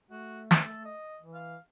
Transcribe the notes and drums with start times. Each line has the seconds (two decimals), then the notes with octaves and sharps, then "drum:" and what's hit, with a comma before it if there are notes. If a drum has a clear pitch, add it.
0.11 A3 F#4
0.51 A4, drum: snare
0.85 D#5
1.21 E3
1.34 F5